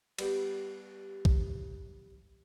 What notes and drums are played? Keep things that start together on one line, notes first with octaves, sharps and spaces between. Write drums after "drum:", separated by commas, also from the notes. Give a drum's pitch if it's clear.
G3 B3 G4, drum: cymbal
drum: kick